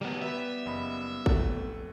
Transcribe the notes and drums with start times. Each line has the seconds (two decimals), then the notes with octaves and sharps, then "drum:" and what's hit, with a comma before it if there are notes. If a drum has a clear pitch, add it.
0.01 D#3 F#3 G3 B3
0.21 G4 B4 D5 E5
0.66 F#1 D#5 B5
1.26 D1 F2 A3, drum: kick G#1